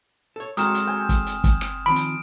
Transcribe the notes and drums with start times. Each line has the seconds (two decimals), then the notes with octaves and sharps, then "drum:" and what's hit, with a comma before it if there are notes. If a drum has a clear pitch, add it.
0.36 A4 C#5
0.57 F#3 G#3 A3 C4 F#4 D#6 F6 E7, drum: hi-hat
0.74 drum: hi-hat
0.87 C5 G5 G#5
1.09 drum: kick, hi-hat
1.26 drum: hi-hat
1.44 drum: kick, hi-hat
1.61 drum: rim click
1.86 D#3 F3 C4 B5 D7
1.96 drum: hi-hat